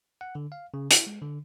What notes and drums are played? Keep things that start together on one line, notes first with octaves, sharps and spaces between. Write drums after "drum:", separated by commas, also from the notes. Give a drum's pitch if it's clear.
F#5
D3
F5
C#3
E4, drum: hi-hat
G#3
D3